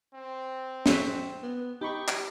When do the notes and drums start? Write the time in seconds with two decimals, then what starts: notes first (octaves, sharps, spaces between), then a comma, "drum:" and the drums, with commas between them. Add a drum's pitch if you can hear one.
0.14 C4
0.86 F#4 E5, drum: snare
1.43 B3
1.81 D#4 G4 B5 C#6
2.08 drum: clap